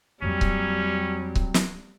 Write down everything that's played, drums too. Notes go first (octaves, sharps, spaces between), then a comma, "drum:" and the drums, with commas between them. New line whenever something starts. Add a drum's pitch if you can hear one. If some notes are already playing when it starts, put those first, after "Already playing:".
F2 F#3 G3 A#3 C4 C#4
drum: kick C#1
drum: kick C#1
drum: snare